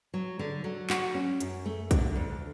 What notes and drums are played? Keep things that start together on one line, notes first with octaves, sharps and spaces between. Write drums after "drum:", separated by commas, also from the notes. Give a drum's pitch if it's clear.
F#3
D3
F#3
F#4, drum: clap
C#4
F#2, drum: hi-hat
A3
D3, drum: kick B1, hi-hat
D2